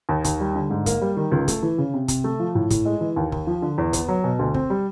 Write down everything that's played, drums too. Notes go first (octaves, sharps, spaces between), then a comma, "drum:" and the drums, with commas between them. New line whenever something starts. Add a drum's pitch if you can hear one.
D#2
D#2, drum: kick, hi-hat
G3
D3
G#2
A#3, drum: kick, hi-hat
G3
D#3
C#2
A3, drum: kick, hi-hat
E3
C#3
C3
C3, drum: kick, hi-hat
A3
F3
A2
A2, drum: kick, hi-hat
G#3
E3
D#2
D#2, drum: kick
F3
D3
E2
B3, drum: kick, hi-hat
F#3
B2
D2
C4, drum: kick
G3